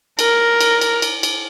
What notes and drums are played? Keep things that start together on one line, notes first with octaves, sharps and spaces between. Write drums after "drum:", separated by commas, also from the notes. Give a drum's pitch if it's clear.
A#4, drum: cymbal
drum: cymbal
drum: cymbal
drum: cymbal
drum: cymbal